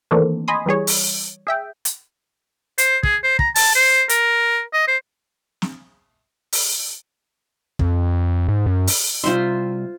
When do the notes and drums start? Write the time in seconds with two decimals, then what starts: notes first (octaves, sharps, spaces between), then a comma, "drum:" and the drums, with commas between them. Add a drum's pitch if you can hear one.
0.11 D#3 E3 A3 A#3 C4 D4
0.48 D#5 G#5 B5 C6 D#6
0.66 E3 G3 G#4 C#5
0.87 drum: open hi-hat
1.47 G#4 E5 G5
1.85 drum: hi-hat
2.78 C5, drum: hi-hat
3.03 G#4, drum: kick
3.23 C5
3.39 A#5, drum: kick
3.55 A5, drum: open hi-hat
3.75 C5
4.09 A#4, drum: hi-hat
4.73 D#5
4.88 C5
5.62 drum: snare
6.52 drum: open hi-hat
7.79 F2, drum: kick
8.48 G#2
8.66 F#2
8.87 drum: open hi-hat
9.24 C3 G3 F4 C5 E5 C6